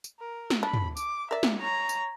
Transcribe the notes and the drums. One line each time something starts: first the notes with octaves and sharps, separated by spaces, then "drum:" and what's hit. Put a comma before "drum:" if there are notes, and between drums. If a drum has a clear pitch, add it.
drum: tambourine
A#4
drum: snare
D4 B5
drum: tom
D6, drum: tambourine
A#4 D5 E5
drum: snare
C#5 A#5
drum: tambourine